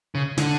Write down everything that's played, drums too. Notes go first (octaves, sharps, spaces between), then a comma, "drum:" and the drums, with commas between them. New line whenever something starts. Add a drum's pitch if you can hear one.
C#3
D3, drum: snare